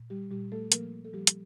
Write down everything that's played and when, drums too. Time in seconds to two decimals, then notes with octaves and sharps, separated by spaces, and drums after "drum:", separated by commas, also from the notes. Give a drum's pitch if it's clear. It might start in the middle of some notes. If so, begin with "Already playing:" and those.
Already playing: A#2
0.10 G3 G4
0.31 A#2 G3 G4
0.52 A3 A4
0.72 F3 A#3 A#4, drum: hi-hat
1.05 A4
1.13 F3 G3 G4
1.27 drum: hi-hat